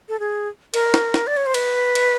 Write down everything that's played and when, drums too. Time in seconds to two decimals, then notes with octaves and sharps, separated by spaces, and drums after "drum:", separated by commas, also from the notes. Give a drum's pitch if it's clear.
0.09 A4
0.20 G#4
0.74 A#4, drum: cymbal
0.94 drum: snare
1.14 drum: snare
1.27 D5
1.37 C#5
1.46 C5
1.54 B4, drum: cymbal
1.95 drum: cymbal